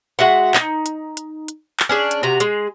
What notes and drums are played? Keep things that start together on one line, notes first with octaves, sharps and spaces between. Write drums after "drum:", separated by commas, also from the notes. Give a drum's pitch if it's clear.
G#3 F#4 E5 F#5
D#4, drum: clap
drum: hi-hat
drum: hi-hat
drum: hi-hat
drum: clap
C#4 D4 G#4
drum: hi-hat
C3 F#4 A#5
G#3 G#4, drum: hi-hat